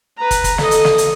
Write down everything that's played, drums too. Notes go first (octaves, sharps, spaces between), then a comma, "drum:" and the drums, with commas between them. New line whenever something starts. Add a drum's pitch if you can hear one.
B4 A#5
drum: kick, hi-hat
drum: kick, hi-hat
A4 D#5, drum: snare
drum: hi-hat
drum: snare
drum: hi-hat